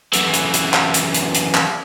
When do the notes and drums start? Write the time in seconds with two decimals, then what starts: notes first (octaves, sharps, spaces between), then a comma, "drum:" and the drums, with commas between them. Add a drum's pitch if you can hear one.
0.13 F#2 E3, drum: hi-hat
0.33 drum: hi-hat
0.54 drum: hi-hat
0.74 drum: clap
0.94 drum: hi-hat
1.14 drum: hi-hat
1.34 drum: hi-hat
1.55 drum: clap